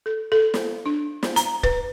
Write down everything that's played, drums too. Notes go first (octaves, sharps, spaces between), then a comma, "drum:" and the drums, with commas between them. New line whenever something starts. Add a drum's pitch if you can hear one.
A4
A4
drum: snare
D4
drum: snare
A#5, drum: hi-hat
B4, drum: kick